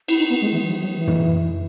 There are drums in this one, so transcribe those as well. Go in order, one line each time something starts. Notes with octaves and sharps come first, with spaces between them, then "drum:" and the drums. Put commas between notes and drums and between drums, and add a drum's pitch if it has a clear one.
E4, drum: cymbal
D#4
B3
G#3
E3
F#3
F#3
E3
drum: tom